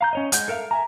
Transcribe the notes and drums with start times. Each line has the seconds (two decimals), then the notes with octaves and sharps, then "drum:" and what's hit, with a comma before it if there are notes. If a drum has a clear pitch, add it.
0.01 F5 A#5 G6
0.13 C#4 C#5 D#5
0.32 G#3 F#5 G6, drum: hi-hat
0.48 A4 A#4 E5 F5
0.71 E5 G#5 A#5